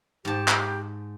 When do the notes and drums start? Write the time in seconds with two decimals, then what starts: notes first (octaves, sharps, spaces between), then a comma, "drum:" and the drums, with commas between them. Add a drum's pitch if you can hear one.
0.25 G#2 G4 A5
0.48 drum: clap